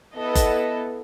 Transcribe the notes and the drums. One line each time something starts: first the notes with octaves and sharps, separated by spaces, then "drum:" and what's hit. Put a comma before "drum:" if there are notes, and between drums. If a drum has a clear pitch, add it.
B3 E4 A4 D#5
drum: kick F#1, hi-hat